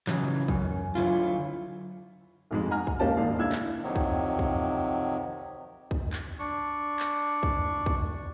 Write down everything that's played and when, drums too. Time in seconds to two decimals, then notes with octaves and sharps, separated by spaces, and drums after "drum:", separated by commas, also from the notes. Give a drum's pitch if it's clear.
0.07 C#3 E3 F#3, drum: clap
0.48 F#2, drum: kick B1
0.95 D3 F#3 E4 F4
2.51 B1 F2 G#3
2.71 F#5 G#5 A#5 F6
2.87 drum: kick B1
3.00 C#2 A#3 C#4 G4 D5 A5
3.17 E1 A#1 G#2 D#3 A#3 F5
3.39 C#2 D4 E4 E6 G#6
3.52 drum: clap
3.83 F2 C3 D#3 F#3
3.96 drum: kick B1
4.39 drum: kick B1
5.91 drum: kick B1
6.13 drum: clap
6.39 D4 C#6
7.00 drum: clap
7.43 drum: kick B1
7.86 drum: kick B1